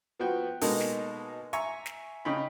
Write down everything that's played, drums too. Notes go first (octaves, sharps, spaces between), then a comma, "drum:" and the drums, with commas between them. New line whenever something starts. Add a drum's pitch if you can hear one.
F3 B3 F#4 G5
B2 G#3 A#3 D#4 A4, drum: open hi-hat
drum: snare
E5 G#5 A#5 C#6, drum: hi-hat
drum: snare
C#3 C#4 D#4 G5 B5